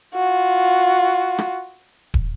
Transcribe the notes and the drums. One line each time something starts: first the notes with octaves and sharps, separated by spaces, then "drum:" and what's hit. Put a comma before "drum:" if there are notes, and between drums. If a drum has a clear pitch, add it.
F4 F#4
drum: rim click
drum: kick